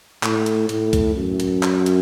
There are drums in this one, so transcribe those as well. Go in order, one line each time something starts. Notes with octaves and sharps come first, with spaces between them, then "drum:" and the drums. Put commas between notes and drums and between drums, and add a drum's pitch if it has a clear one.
A2, drum: clap
drum: hi-hat
A2, drum: hi-hat
drum: kick, hi-hat
F#2
drum: hi-hat
drum: clap
drum: hi-hat